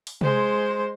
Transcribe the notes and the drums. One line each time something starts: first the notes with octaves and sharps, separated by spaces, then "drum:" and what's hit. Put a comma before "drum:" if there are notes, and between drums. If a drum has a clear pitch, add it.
drum: open hi-hat
G#3 C5, drum: tom C3